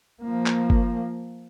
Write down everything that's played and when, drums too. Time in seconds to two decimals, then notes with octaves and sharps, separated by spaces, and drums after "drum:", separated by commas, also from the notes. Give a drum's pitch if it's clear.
0.23 F3 A#3
0.46 drum: clap
0.70 drum: kick